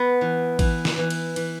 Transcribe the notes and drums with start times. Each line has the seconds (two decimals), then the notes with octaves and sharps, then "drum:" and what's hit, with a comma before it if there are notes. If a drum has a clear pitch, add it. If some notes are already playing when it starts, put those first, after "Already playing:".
Already playing: B3
0.21 E3
0.59 E3, drum: kick A1, cymbal
0.85 drum: snare
0.98 E3
1.10 drum: cymbal
1.36 E3, drum: cymbal